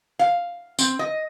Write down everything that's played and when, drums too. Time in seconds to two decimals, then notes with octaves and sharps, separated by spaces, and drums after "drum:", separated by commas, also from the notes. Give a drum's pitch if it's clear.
0.19 F5
0.79 C4, drum: tambourine
0.99 D#5